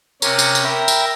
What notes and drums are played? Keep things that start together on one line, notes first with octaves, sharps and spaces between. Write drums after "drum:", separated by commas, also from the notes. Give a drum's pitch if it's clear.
C3 C#4 A#4, drum: tambourine
drum: tambourine
drum: tambourine
A#4 E5 G5 B5 A#6
drum: tambourine